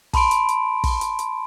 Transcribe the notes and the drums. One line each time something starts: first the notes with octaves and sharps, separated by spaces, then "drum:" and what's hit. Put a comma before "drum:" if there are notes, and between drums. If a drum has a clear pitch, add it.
A5 B5 C6 D7, drum: kick, open hi-hat
drum: hi-hat
drum: hi-hat
drum: kick, open hi-hat
drum: hi-hat
drum: hi-hat